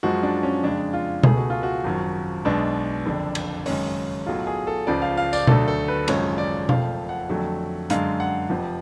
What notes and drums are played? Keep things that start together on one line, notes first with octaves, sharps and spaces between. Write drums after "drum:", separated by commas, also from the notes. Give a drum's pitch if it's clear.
F#2 F3 G#3 F#4
D4
C#4
F2 C#3 G#3 D4
F4
C#2 B2 A3 G#4, drum: tom B2
F#4
F4
F#4
G#1 F#2 F3
B1 B2 G#3 D4
F#1 F2 D3
drum: cymbal
G#1 F#2 C#3 G#3 C#4, drum: open hi-hat
B1 A2 F#3 A3 F4
G#4
A4
C#2 C#3 F3 D5
F5
F5
D5, drum: tambourine
D2 D3 F#3 A3 A4, drum: tom B2
A4
B4
G#1 F#2 C#3 F3 G#3 C#5, drum: cymbal
D5
F#1 F2 F3 A3 F5, drum: tom B2
F#5
F2 D3 F#3 A3
F#2 D3 G#3 F5, drum: hi-hat
F#5
F1 F2 F3